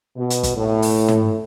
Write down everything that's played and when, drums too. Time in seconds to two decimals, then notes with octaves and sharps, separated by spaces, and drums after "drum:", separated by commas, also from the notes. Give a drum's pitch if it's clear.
0.17 B2
0.30 drum: hi-hat
0.43 drum: kick, hi-hat
0.56 A2
0.82 drum: open hi-hat
1.08 drum: tom